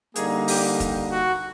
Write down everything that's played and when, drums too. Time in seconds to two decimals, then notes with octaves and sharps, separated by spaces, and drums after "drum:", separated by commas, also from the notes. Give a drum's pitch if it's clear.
0.16 D3 G3 A#3 D#4 G#4, drum: hi-hat
0.48 G4, drum: open hi-hat
0.80 drum: kick, hi-hat
1.12 F#4